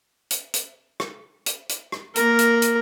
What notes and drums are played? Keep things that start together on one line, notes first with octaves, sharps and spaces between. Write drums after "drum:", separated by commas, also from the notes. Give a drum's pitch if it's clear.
drum: hi-hat
drum: hi-hat
drum: rim click
drum: hi-hat
drum: hi-hat
drum: rim click
A#3 A#4, drum: hi-hat
drum: hi-hat
drum: hi-hat